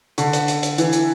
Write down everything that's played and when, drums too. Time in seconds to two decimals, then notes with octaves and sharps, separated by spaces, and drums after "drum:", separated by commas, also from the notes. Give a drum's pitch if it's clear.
0.18 D3, drum: hi-hat
0.33 drum: hi-hat
0.48 drum: hi-hat
0.63 drum: hi-hat
0.78 E3, drum: hi-hat
0.93 drum: hi-hat